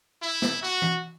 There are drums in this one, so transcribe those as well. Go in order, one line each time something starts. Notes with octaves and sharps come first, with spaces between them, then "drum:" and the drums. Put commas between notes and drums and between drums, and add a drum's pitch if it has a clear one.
E4
drum: snare
F#4
drum: tom E3